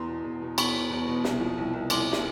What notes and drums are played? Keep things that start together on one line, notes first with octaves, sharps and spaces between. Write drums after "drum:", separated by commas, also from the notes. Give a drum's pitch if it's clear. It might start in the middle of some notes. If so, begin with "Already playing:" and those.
Already playing: E2 A#5 C6
B2
E2
B2
B2 B5 C#6, drum: cymbal
B2
E2
B2
C2, drum: snare
F3
C2
C2
C2 C6 D6, drum: cymbal
drum: snare